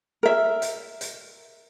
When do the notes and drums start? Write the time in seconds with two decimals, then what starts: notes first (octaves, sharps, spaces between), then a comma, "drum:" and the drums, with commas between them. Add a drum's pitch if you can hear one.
0.23 A#4 E5
0.62 drum: hi-hat
1.01 drum: hi-hat